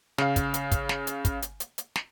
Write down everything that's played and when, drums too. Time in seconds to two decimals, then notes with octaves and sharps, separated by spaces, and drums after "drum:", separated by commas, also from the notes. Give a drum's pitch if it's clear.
0.18 C#3 F5, drum: snare
0.36 drum: kick, hi-hat
0.54 drum: hi-hat
0.71 drum: kick, hi-hat
0.89 drum: snare
1.07 drum: hi-hat
1.25 drum: kick, hi-hat
1.42 drum: hi-hat
1.60 drum: hi-hat
1.78 drum: hi-hat
1.96 drum: snare